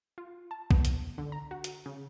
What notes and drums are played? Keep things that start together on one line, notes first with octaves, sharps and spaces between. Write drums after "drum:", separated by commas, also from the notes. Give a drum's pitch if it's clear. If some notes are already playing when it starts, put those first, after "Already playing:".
F4
A5
B3, drum: kick B1
drum: hi-hat
D3
A#5
F#4
drum: hi-hat
C#3